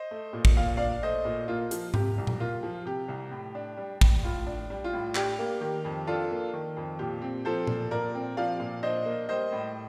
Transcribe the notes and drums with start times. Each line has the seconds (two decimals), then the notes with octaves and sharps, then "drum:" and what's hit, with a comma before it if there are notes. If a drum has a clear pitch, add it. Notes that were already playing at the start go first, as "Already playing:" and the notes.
Already playing: C5 D#5
0.11 A3
0.33 A#2
0.45 drum: kick
0.57 A#2 F5
0.77 D4 D5 F5
1.02 A3 C5 D#5
1.25 A#2
1.48 A#3 F4
1.71 F3, drum: hi-hat
1.94 C3 G4, drum: tom G#2
2.18 C2
2.27 drum: tom A#2
2.40 A#3 F4
2.63 F3
2.85 C3 G4
3.08 C2
3.31 A2
3.55 D4
3.77 G3
4.01 A2, drum: kick
4.24 A2 F4
4.47 D4
4.70 G3
4.84 F4
4.93 A2
5.15 D4 G4, drum: clap
5.39 A#3
5.61 D#3 G4
5.85 F2
6.07 D4 F4 A4
6.31 A#3
6.53 D#3
6.77 F2
6.99 A#2 G4
7.22 C4
7.45 F3 A4 C5
7.67 A#2, drum: tom A#2
7.91 A#2 A#4 D5
8.15 C4
8.37 F3 D5 F5
8.60 A#2
8.83 D4 C5 D#5
9.06 A#3
9.29 G3 C5 D#5
9.52 A2